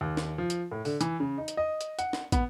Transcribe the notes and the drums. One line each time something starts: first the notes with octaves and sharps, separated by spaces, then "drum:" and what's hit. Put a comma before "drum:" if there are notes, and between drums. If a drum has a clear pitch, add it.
D#2
drum: snare
F3
drum: hi-hat
A2
D3, drum: open hi-hat
E3, drum: hi-hat
C#3
D#4
drum: hi-hat
D#5
drum: hi-hat
F#5, drum: hi-hat
drum: snare
B3, drum: kick, hi-hat